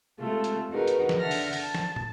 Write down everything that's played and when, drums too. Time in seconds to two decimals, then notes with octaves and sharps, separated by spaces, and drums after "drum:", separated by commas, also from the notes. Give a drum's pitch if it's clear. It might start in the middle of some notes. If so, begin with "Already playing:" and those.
0.19 C3 G#3 A3 F4 A4
0.44 drum: hi-hat
0.70 D#4 F#4 G#4 A#4 B4
0.88 drum: hi-hat
1.09 drum: snare
1.19 D3 E5 F#5 A5 F6 A#6
1.31 drum: open hi-hat
1.53 A5, drum: open hi-hat
1.75 drum: snare
1.96 drum: tom